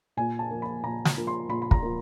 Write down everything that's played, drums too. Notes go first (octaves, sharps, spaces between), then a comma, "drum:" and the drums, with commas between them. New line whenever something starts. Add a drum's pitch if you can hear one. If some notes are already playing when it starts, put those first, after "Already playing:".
A#2 G#5
A5
F3 A#3
B5
A#2 A#5
drum: snare
F3 A#3
C6
A#2 B5
B5
A#5, drum: kick
F3 A#3